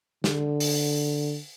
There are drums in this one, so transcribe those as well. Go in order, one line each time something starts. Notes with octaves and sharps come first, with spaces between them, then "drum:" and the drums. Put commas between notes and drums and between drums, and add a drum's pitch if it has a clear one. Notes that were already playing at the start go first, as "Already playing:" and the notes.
D3, drum: snare
drum: open hi-hat